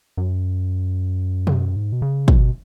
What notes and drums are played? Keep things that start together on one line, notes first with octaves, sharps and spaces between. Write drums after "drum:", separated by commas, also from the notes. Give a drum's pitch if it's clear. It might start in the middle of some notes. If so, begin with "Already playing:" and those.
F#2
drum: tom B2
G#2
B2
C#3
B2, drum: kick